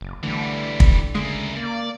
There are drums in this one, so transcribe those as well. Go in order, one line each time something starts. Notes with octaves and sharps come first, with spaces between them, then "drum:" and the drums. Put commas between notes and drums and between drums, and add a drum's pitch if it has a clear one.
F#1
B1 D3 E3 G3 A3
drum: kick
D2 C#3 G#3 A#3 E4
A#3 D5